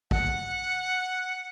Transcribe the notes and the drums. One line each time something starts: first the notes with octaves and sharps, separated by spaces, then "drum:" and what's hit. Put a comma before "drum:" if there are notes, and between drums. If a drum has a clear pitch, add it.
F#5, drum: kick A1